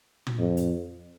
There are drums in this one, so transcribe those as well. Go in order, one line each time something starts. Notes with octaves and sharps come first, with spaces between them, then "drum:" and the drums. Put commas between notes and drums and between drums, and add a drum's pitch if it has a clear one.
drum: tom
F2
drum: hi-hat